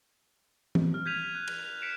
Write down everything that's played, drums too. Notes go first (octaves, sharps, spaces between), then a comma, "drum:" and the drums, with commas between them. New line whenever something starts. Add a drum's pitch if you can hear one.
drum: tom E3
F6
G6 G#6 B6 D#7 F7
F#6
drum: cymbal
F7
B6 C#7 D7 E7